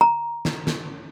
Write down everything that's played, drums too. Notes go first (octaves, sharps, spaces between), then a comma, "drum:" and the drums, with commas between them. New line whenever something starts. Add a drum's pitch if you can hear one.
A#5
drum: snare
drum: snare